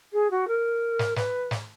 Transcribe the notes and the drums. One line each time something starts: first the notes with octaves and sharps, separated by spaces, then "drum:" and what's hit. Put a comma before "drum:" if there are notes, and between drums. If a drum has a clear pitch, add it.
G#4
F#4
A#4
drum: snare
B4, drum: snare
drum: snare